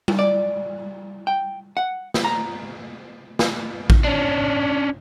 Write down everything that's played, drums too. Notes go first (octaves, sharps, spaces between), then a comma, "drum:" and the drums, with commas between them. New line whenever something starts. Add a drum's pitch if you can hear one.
drum: tom G3
D5
G5
F#5
drum: snare
A#5
drum: snare
drum: kick A1
C#4 D4